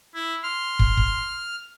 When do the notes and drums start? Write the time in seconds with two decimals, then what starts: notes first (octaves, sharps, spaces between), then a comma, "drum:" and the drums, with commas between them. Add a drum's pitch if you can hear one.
0.15 E4
0.43 C6 F6
0.79 drum: kick
0.97 drum: kick